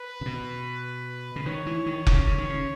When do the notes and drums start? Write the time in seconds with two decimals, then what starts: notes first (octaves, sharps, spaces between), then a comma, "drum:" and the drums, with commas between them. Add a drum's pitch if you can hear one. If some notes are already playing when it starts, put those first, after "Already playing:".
Already playing: B4
0.21 C#3
0.26 B2
1.36 C#3
1.46 D#3 C#5
1.66 E3
1.86 D#3
2.07 C#3, drum: kick F1
2.27 C#3
2.38 D#3
2.49 C#3